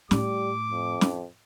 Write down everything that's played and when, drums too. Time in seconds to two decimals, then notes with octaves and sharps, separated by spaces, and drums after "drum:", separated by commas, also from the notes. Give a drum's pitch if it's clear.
0.11 A2 G3 D6, drum: snare
0.70 F2
1.01 drum: snare